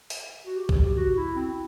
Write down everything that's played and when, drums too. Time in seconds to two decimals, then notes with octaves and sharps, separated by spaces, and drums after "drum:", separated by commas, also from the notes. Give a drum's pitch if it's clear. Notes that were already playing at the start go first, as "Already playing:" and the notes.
0.10 drum: open hi-hat
0.46 F#4
0.56 G4
0.69 drum: kick A#1
0.96 F#4
1.16 E4
1.35 C4